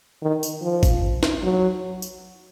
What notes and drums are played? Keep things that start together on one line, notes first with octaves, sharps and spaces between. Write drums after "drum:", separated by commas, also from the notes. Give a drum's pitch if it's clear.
D#3
drum: tambourine
F3
drum: kick G#1, tambourine
drum: snare
F#3
drum: tambourine